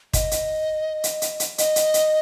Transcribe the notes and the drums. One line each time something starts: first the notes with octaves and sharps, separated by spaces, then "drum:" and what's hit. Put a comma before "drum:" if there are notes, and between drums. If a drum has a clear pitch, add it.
D#5, drum: kick, hi-hat
drum: hi-hat
drum: hi-hat
drum: hi-hat
drum: hi-hat
D#5, drum: hi-hat
drum: hi-hat
drum: hi-hat